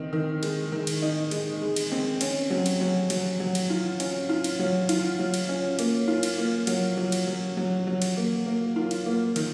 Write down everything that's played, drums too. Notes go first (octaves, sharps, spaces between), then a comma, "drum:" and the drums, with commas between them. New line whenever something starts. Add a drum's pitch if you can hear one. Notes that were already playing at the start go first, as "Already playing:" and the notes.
Already playing: D#3 C4 D#4
D#3
G#3, drum: cymbal
D#3
drum: cymbal
D#4
G#3, drum: cymbal
G#3
drum: cymbal
C4
C#4, drum: cymbal
F#3
drum: cymbal
F#3
F#3, drum: cymbal
F#3
drum: cymbal
F4
C#4, drum: cymbal
F4
drum: cymbal
F#3
F4, drum: cymbal
F#3
drum: cymbal
C#4
A#3, drum: cymbal
F4
drum: cymbal
A#3
F#3, drum: cymbal
F#3
drum: cymbal
F#3
F#3
F#3
drum: cymbal
A#3
A#3
F4
drum: cymbal
A#3
D#3, drum: cymbal